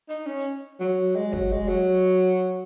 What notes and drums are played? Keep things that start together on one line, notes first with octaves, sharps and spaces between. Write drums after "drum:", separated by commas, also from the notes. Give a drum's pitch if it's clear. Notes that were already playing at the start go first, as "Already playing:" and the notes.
D#4, drum: hi-hat
C#4
drum: hi-hat
F#3
G#3
F#3, drum: kick
G#3
F#3